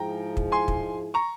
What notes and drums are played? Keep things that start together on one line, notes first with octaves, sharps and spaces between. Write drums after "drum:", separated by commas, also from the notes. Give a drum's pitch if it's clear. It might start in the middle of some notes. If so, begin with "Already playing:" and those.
Already playing: G#2 F3 G#3 E4 G#4 G5 A#5
drum: kick
G#5 C6
drum: kick
A#5 C#6